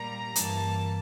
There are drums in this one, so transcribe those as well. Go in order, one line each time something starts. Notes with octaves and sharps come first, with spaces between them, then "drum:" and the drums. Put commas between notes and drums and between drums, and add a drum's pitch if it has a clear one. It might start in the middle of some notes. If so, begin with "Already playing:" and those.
Already playing: A#2 G3 A#3 A#5
G2 E3 G3 A#3 A5, drum: hi-hat